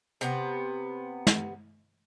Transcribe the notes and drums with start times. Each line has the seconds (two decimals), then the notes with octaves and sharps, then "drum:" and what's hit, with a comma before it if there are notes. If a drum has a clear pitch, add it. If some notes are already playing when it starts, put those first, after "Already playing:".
0.21 C3 B3, drum: hi-hat
1.27 drum: snare